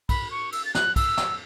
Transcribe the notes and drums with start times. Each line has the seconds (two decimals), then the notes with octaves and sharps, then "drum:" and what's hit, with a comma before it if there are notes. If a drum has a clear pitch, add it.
0.09 B5, drum: kick, cymbal
0.31 C#6
0.52 E6, drum: cymbal
0.65 A6
0.75 F#6, drum: snare
0.96 E6, drum: kick, cymbal
1.17 drum: snare